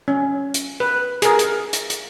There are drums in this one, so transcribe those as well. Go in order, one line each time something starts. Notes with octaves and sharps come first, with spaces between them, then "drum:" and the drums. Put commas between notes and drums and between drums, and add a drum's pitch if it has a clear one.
C#4
drum: hi-hat
B4
G#4 A#4, drum: hi-hat
drum: hi-hat
drum: hi-hat
drum: hi-hat